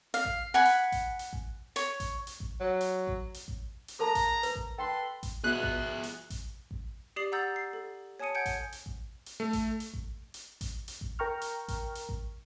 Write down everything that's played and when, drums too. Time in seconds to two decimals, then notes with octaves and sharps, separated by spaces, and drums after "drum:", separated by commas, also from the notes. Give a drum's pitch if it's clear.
0.14 F5, drum: hi-hat
0.25 drum: kick A1
0.54 F#5 G#5 B5
0.65 drum: hi-hat
0.92 drum: kick A1, hi-hat
1.19 drum: hi-hat
1.33 drum: kick A1
1.76 C#5, drum: hi-hat
2.00 drum: kick A1, hi-hat
2.27 drum: hi-hat
2.40 drum: kick A1
2.60 F#3
2.81 drum: hi-hat
3.08 drum: kick A1
3.34 drum: hi-hat
3.48 drum: kick A1
3.88 drum: hi-hat
3.99 G#3 A4 A#4 A5 A#5
4.15 drum: kick A1, hi-hat
4.43 B4, drum: hi-hat
4.55 drum: kick A1
4.78 A4 B4 G5 C6
5.23 drum: kick A1, hi-hat
5.44 B2 G#4 E5 F#6
5.63 drum: kick A1
6.03 drum: hi-hat
6.30 drum: kick A1, hi-hat
6.71 drum: kick A1
7.16 G4 D5 D#6 C7 F#7
7.32 F#5 A#5 D#6 E6 G6 A6
7.56 C7
7.73 A4
8.20 C#5 G#5 A5 D#6 C#7 D#7
8.35 F#5 G#5 G6 G#6 C#7 D7
8.46 drum: kick A1, hi-hat
8.72 drum: hi-hat
8.86 drum: kick A1
9.26 drum: hi-hat
9.40 A3
9.53 drum: kick A1, hi-hat
9.80 drum: hi-hat
9.94 drum: kick A1
10.34 drum: hi-hat
10.61 drum: kick A1, hi-hat
10.88 drum: hi-hat
11.01 drum: kick A1
11.19 A#4 G5 A#5 C#6 F6
11.42 drum: hi-hat
11.68 drum: kick A1, hi-hat
11.95 drum: hi-hat
12.09 drum: kick A1